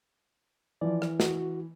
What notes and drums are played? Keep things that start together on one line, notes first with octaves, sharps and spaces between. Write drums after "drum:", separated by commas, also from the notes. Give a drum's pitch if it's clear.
E3 F3 D5
drum: rim click
F#4, drum: snare